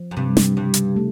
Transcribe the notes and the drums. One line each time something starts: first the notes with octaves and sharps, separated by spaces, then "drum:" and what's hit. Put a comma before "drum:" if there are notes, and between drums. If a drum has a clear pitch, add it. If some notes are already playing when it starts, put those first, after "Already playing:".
Already playing: F3
F#2
G2 C3
drum: snare
G2 C#3
drum: hi-hat
A3